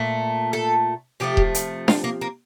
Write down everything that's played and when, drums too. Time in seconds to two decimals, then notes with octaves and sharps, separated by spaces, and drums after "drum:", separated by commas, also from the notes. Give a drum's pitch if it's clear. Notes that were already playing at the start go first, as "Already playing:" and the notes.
Already playing: A#2 A3
0.53 A4
1.20 C3 F3 A3 G4
1.37 drum: kick D#1
1.55 drum: hi-hat
1.88 F4, drum: snare D4
2.04 A#3
2.21 A#3